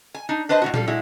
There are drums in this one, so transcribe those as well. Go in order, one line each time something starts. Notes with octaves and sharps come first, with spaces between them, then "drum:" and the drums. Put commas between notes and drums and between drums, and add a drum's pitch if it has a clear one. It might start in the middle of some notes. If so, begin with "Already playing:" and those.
G#5
D4 D#4
D4 B4 C5 D#5 A5
A2 E3 F#4
F3 G3 A4, drum: tom A#2
G#3 E4 F#4